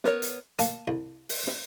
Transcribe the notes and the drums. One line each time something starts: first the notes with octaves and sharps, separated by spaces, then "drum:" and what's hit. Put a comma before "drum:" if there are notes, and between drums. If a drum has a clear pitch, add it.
B3 A#4 C#5, drum: snare
drum: hi-hat
A#3 A5, drum: hi-hat
C2
drum: open hi-hat
drum: snare